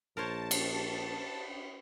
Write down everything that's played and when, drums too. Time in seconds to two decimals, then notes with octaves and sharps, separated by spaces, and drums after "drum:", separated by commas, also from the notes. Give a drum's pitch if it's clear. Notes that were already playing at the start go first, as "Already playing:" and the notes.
0.17 A#1 A#4 C5 C#5 A5
0.51 drum: cymbal